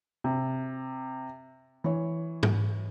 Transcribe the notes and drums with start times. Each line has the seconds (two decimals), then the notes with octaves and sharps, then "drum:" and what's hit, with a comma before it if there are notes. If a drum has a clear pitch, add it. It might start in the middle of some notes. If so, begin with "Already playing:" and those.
0.24 C3
1.84 E3 C#5
2.43 drum: tom G#2